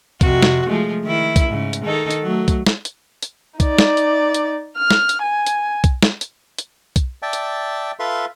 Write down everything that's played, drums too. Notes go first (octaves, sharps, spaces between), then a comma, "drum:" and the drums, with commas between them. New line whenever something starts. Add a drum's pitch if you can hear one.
F2 C3 F#4, drum: kick B1, hi-hat
drum: snare
F3 G#3 A3
D#3 E4
drum: kick B1, hi-hat
G#2 C#3
drum: hi-hat
D#3 D#4 A4
drum: hi-hat
F#3 A3
drum: kick B1, hi-hat
drum: snare
drum: hi-hat
drum: hi-hat
D#4 D5, drum: kick B1, hi-hat
drum: snare
drum: hi-hat
drum: hi-hat
F6
drum: snare
drum: hi-hat
G#5
drum: hi-hat
drum: kick B1, hi-hat
drum: snare
drum: hi-hat
drum: hi-hat
drum: kick B1, hi-hat
D5 E5 G5 A5
drum: hi-hat
F4 A4 B4 E5 F5 C6